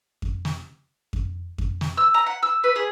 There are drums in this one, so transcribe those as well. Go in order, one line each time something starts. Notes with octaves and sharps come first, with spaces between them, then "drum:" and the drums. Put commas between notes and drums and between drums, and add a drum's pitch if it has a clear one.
drum: kick F2
drum: snare
drum: kick F2
drum: kick F2
drum: snare
E6
A#5
F#5
E6
B4
G#4